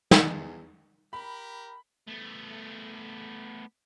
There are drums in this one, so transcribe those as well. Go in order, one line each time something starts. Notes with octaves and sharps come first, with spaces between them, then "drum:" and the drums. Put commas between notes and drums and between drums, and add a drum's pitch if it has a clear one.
E2, drum: snare
G4 A#4 B5
A3 B3